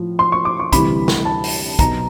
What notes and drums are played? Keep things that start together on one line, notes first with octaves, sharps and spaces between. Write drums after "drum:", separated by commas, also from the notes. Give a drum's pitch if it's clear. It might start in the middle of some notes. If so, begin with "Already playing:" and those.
Already playing: A2 F3
C6
C#6
D6
C#6
D2 C3 E3 G3 B5, drum: kick, hi-hat
drum: snare
A5
drum: open hi-hat
B1 B2 F#3 A#5, drum: kick, hi-hat